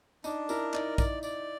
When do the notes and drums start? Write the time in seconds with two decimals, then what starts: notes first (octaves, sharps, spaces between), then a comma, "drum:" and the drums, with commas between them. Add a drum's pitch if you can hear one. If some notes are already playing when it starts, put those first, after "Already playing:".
0.24 D4 D#4, drum: tambourine
0.49 E4 A#4, drum: tambourine
0.74 D#4 D5, drum: clap
0.98 D5, drum: kick A#1, tambourine
1.23 D5, drum: tambourine